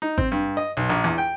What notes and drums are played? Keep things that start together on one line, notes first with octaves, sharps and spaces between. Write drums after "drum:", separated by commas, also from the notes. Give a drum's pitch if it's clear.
D#4
C4, drum: kick G#1
G2
D#5
B1
A#1
E2
G5